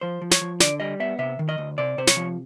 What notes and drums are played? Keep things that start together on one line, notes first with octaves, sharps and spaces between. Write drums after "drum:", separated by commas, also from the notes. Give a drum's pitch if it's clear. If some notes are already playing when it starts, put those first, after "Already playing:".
F3 C5
F3
C#5, drum: snare
F3
D3 D5, drum: snare
G3 D#5
B3 E5
C3 E5
D#3
D#5
D2
C3 D5
C3 C5
C#5, drum: snare
F3